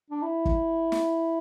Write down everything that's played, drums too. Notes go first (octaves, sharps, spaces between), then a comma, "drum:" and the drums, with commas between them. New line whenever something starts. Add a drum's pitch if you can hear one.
D4
E4
drum: kick
drum: snare